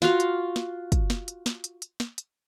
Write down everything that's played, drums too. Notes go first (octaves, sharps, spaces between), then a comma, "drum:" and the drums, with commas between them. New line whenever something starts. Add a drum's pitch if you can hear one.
F4 F#4 F5, drum: snare
drum: hi-hat
drum: snare
drum: kick, hi-hat
drum: snare
drum: hi-hat
drum: snare
drum: hi-hat
drum: hi-hat
drum: snare
drum: hi-hat